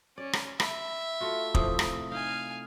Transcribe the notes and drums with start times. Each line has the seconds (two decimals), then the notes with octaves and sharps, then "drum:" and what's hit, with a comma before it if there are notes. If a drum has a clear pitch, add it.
0.18 C#4 D5
0.33 drum: rim click
0.60 E5 B5, drum: rim click
1.20 A3 F4 F#4
1.55 A2 C3 F3 D#6, drum: kick
1.79 drum: rim click
2.12 D#4 F5 G#5